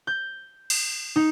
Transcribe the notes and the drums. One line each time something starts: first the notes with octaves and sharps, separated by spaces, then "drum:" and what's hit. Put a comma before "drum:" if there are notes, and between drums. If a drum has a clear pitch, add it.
G6
drum: cymbal
D#4